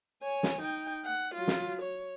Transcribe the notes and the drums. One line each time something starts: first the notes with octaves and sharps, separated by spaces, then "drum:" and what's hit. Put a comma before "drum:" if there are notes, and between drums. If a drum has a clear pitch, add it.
C#5 G#5
drum: snare
D#4 G5
F#5
F#3 F4
drum: snare
C#5